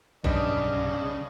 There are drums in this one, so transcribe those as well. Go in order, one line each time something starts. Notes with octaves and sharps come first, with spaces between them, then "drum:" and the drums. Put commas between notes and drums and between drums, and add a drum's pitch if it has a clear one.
B1 G2 C#3 G3 D4 B4 D#5, drum: kick